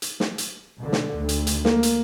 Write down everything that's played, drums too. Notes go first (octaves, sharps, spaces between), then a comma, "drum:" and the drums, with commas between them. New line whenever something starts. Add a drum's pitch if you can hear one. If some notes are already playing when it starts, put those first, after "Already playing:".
drum: hi-hat
drum: snare
drum: hi-hat
B2 D3
drum: snare
D2
drum: hi-hat
drum: hi-hat
A#3, drum: snare
drum: hi-hat